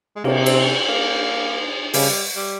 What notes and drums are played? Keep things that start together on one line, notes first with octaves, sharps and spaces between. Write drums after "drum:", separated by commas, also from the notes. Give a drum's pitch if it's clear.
G#3
C3 A#3, drum: cymbal
C4, drum: cymbal
A#3
C#3 G3, drum: open hi-hat
G3